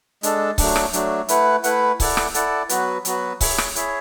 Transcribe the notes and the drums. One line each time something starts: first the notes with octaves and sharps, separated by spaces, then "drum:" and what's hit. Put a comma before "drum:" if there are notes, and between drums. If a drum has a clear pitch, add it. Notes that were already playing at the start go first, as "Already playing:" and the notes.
G#3 D4 A4, drum: hi-hat
F#3 A3 D4, drum: kick C#1, open hi-hat
drum: rim click
F#3 A3 D4, drum: hi-hat
A3 E4 B4 F#5, drum: hi-hat
A3 E4 B4 F#5, drum: hi-hat
E4 A4 D5 F#5, drum: kick C#1, open hi-hat
drum: rim click
E4 A4 D5 F#5, drum: hi-hat
F#3 B3 F#4 B4, drum: hi-hat
F#3 B3 F#4 B4, drum: hi-hat
E4 G#4 C#5 E5, drum: kick C#1, open hi-hat
drum: rim click
E4 G#4 C#5 E5, drum: hi-hat